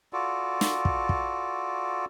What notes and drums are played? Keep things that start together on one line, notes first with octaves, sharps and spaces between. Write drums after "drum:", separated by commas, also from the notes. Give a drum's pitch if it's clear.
F4 F#4 A4 D5
drum: snare
drum: kick
drum: kick